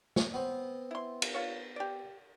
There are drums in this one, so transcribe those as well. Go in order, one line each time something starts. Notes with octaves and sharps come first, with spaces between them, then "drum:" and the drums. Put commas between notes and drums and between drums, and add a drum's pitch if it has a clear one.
C#5, drum: snare
B3 C4
E4 C6
drum: cymbal
F4 C#5
G4 D5